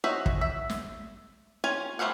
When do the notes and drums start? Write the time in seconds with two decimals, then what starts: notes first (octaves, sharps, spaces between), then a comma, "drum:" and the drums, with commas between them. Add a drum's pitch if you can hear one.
0.04 C#4 F#4 C5 D#5 E5
0.26 drum: kick
0.41 E5
0.70 drum: snare
1.64 C#4 F4 C#5 G#5
1.99 G3 A3 C5 F5 F#5